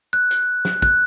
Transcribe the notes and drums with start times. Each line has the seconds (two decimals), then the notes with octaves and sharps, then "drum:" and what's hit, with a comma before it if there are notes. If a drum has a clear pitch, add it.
0.13 F#6
0.31 drum: hi-hat
0.65 drum: snare
0.82 F#6, drum: kick